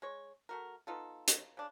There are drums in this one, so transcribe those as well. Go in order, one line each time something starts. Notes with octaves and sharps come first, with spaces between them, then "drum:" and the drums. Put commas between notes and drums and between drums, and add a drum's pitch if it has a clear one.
G#3 C#5
A3 F#4 A#4
B3 D#4 F4 A4
drum: hi-hat
C#3 D4